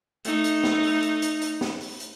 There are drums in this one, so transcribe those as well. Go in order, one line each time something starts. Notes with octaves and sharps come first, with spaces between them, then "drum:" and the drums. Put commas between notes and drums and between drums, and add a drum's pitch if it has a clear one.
A3 D#4, drum: hi-hat
drum: hi-hat
drum: snare
drum: open hi-hat
drum: hi-hat
drum: hi-hat
drum: hi-hat
drum: snare
drum: open hi-hat
drum: hi-hat